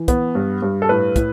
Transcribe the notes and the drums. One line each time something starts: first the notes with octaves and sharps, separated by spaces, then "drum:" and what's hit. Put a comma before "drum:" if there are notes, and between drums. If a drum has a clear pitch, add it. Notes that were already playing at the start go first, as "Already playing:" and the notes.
Already playing: E3
B3, drum: kick, hi-hat
G2
G2
A4
A2 B4
A2, drum: kick, hi-hat